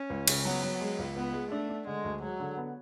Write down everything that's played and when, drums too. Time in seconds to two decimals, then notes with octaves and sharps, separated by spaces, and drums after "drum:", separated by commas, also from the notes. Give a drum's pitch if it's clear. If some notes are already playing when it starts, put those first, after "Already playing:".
Already playing: C#4
0.10 C#2
0.28 C#3, drum: cymbal
0.45 F#3 B3
0.63 F#3
0.81 G#3
0.98 C#2
1.16 C#2 B3
1.33 G#3
1.51 A3 D4
1.69 D4
1.87 D3 G#3
2.04 D2
2.22 F#3 G#3
2.40 D3
2.57 B3